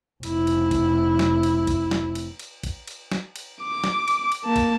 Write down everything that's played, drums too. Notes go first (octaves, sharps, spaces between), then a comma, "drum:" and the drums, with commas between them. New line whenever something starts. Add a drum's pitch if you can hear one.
F1 E4, drum: cymbal
drum: cymbal
drum: kick, cymbal
drum: snare
drum: cymbal
drum: kick, cymbal
drum: snare
drum: cymbal
drum: cymbal
drum: kick, cymbal
drum: cymbal
drum: snare
drum: cymbal
D6
drum: snare
drum: cymbal
drum: cymbal
A#3 A5
drum: kick, cymbal